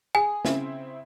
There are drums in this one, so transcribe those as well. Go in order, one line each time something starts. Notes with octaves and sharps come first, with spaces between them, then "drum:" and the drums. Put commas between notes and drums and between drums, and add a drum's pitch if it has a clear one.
G#4 G#5
C#3 C4 E4, drum: snare